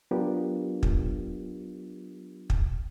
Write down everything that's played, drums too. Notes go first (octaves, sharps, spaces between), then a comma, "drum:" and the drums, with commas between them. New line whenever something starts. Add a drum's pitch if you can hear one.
F#3 B3 D4 F4 G4 A#4
drum: kick
drum: kick